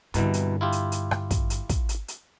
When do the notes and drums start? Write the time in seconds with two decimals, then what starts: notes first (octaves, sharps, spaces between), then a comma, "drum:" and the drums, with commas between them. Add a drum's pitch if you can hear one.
0.14 C2 G2 B2 D3 E3, drum: hi-hat
0.34 drum: hi-hat
0.61 E4 F4 G4
0.72 drum: hi-hat
0.92 drum: hi-hat
1.11 drum: rim click
1.31 drum: kick, hi-hat
1.50 drum: hi-hat
1.69 drum: kick, hi-hat
1.89 drum: hi-hat
2.08 drum: hi-hat